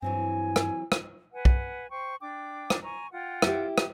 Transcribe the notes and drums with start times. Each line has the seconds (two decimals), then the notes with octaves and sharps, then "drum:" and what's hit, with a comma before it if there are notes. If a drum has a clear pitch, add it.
0.02 G2 E3 F#3 C4 G#5
0.56 drum: rim click
0.92 drum: rim click
1.32 B4 F#5 G#5
1.45 drum: kick B1
1.89 C5 G5 C#6
2.20 D4 G5 D6
2.70 drum: rim click
2.82 G#5 A#5 C#6
3.12 F4 F#5 G5
3.42 E4 G4, drum: rim click
3.78 drum: rim click